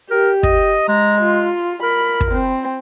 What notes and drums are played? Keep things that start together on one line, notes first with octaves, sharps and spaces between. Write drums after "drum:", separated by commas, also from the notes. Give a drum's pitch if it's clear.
G4 A#4
D#5, drum: kick
G#3 A#5
F4
A#4 B5
drum: kick
C4